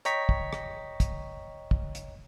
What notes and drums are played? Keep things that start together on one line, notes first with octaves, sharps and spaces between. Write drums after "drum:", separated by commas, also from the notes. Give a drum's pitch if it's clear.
C#5 D#5 G5 A#5 C#6 B6, drum: hi-hat
drum: kick
drum: rim click
drum: kick, hi-hat
drum: kick
drum: hi-hat